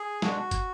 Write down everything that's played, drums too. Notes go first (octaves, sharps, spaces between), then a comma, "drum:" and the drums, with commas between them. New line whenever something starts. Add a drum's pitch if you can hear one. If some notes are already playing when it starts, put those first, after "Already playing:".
Already playing: G#4
B2 G#3 D4 F#4, drum: snare
drum: kick, hi-hat